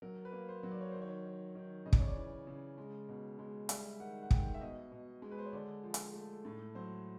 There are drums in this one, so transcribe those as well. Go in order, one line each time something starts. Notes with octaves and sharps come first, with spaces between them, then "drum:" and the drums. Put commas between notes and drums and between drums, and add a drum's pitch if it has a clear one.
F#3 A#4
B4
A#3
C5
F#3
D5
C#5
D#3 C5
C#5
D#3
D#3
C#3 D#5
D5, drum: kick
C#5
D5
E3
C#3
G#3
B2
G#3
G3 E5, drum: hi-hat
D#3 F#5
F#5
D#3 G5, drum: kick
E5
B2 D#5
B2
G#3
B4
C5
C#5
D3 D5
F3
drum: hi-hat
A3
A2
F#3 C5